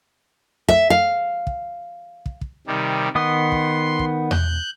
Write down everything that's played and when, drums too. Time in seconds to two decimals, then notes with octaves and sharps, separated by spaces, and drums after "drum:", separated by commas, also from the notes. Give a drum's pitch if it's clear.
0.69 E5, drum: kick
0.90 F5
1.47 drum: kick
2.26 drum: kick
2.41 drum: kick
2.67 C3 D#3 G3
3.15 D#3 B3 C6 D#6
3.52 drum: kick
3.99 drum: kick
4.31 F#6 G6, drum: tom E2